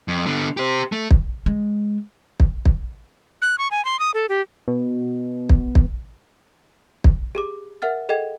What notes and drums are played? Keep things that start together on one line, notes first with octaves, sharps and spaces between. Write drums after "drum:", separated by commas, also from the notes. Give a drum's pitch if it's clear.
F2
D3 B3
G4 C5
A3
drum: kick
G#3
drum: kick
drum: kick
F#6
C#6
G#5
C6
D#6
A4
G4
B2
drum: kick
drum: kick
drum: kick
G4 G#4 D6
A#4 E5 F#5 F6 A6
G#4 A4 D#5 F#5 G5 G#6